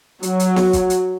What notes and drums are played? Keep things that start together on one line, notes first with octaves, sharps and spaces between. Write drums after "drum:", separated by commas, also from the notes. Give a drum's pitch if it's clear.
F#3, drum: hi-hat
drum: hi-hat
drum: snare
drum: kick, hi-hat
drum: hi-hat